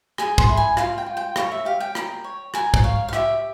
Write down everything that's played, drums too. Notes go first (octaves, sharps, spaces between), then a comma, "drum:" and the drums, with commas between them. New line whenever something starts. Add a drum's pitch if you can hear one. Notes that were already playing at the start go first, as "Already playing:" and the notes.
G#4 G#5, drum: rim click
C6, drum: kick
E4
G#5
F4 F5, drum: rim click
G5
F4
G5
C#5 F5, drum: rim click
E5
G4 F5
G5
A#4, drum: rim click
C#5
A#4 G#5, drum: rim click
drum: kick
C#5 F5
F5
G4 E5, drum: rim click